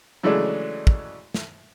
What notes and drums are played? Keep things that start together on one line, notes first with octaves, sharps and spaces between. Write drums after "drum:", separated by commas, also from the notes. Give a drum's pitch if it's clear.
C#3 E3 F#3 G#3 A3 D4
drum: kick
drum: snare